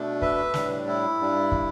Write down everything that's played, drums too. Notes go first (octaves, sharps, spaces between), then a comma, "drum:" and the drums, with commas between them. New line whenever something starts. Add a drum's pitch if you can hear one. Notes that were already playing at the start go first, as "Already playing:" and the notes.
Already playing: B2 A3 D4
B4 E5, drum: kick
A2 G3 D4, drum: snare
E4
G2 G3 D4
drum: kick